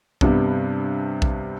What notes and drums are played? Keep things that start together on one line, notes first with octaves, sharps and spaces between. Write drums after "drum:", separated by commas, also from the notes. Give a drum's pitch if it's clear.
G2 C3 G3 B3, drum: kick A#1
drum: kick A#1